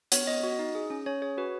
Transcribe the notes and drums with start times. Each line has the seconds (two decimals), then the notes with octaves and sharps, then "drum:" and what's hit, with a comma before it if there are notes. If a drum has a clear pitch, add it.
0.12 B3 C#5, drum: hi-hat
0.27 B3 D#5
0.43 F#4
0.59 D#4
0.75 G#4
0.90 C#4
1.06 C#4 C#5
1.22 G#4 C#5
1.37 F#4 B4